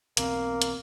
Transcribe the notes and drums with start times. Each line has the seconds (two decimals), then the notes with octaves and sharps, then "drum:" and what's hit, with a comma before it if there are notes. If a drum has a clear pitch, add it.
0.17 B1 E2 A#3 C4, drum: hi-hat
0.62 drum: hi-hat